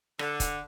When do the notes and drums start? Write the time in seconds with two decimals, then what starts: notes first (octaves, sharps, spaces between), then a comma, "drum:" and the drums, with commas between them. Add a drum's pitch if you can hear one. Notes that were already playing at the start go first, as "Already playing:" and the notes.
0.19 D3, drum: rim click
0.40 drum: kick, hi-hat